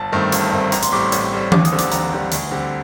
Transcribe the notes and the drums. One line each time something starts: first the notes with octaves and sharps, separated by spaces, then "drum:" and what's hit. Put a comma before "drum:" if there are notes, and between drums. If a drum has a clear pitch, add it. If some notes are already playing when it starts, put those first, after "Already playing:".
Already playing: G1 A5
G2 D#3 A3 C4
G1, drum: hi-hat
G2 D#3 A3 C4
A1 A#5, drum: hi-hat
C6, drum: hi-hat
A2 G3 C4 D6
C6
A1, drum: hi-hat
A2 G3 C4
D#2 D6, drum: tom E3
D#6, drum: hi-hat
D3 G3 C4
D6, drum: hi-hat
D#2 A#5, drum: hi-hat
D3 G3 C4
D2, drum: hi-hat
D3 G3 C4